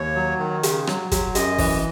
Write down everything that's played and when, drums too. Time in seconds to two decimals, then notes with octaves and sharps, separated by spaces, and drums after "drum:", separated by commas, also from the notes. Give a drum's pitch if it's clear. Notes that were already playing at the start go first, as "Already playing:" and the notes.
Already playing: D#2 C#5
0.15 F#3
0.39 D#3
0.63 C#3, drum: hi-hat
0.87 F#3, drum: rim click
1.11 F#3, drum: kick, hi-hat
1.35 F#2 D#5, drum: hi-hat
1.58 E3, drum: kick, open hi-hat